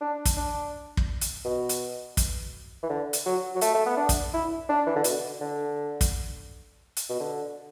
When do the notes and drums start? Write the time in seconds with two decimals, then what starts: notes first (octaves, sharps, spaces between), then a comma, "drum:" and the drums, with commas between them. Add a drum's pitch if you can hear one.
0.01 D4
0.25 drum: kick, hi-hat
0.37 D4
0.97 drum: kick
1.21 drum: hi-hat
1.45 B2
1.69 drum: hi-hat
2.17 drum: kick, hi-hat
2.83 E3
2.89 D3
3.13 drum: hi-hat
3.26 F#3
3.55 F#3
3.61 A3, drum: hi-hat
3.74 A3
3.86 B3
3.97 D4
4.09 drum: kick, hi-hat
4.33 E4
4.69 D4
4.86 E3
4.96 D3
5.04 B2, drum: hi-hat
5.41 D3
6.01 drum: kick, hi-hat
6.97 drum: hi-hat
7.10 B2
7.20 D3